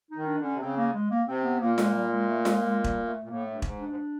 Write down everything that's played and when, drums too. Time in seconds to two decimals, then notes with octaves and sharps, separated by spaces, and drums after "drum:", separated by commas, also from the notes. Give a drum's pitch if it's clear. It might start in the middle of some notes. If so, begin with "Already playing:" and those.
0.11 D#4
0.16 D#3
0.27 D4
0.38 D3
0.44 C#4
0.53 C3
0.61 C#3 C4
0.77 A#3
0.94 G#3
1.11 A#3
1.27 C3 C4
1.44 B3
1.61 A#2 A#3
1.78 G#3, drum: snare F4
1.94 G3
2.12 G#3
2.28 A3
2.45 G#3, drum: snare F4
2.62 G#3
2.84 G3, drum: kick E1
3.06 A3
3.24 A#2
3.29 A2 A#3
3.45 A3
3.50 G2
3.62 G#2, drum: kick E1
3.79 D4
3.89 G#2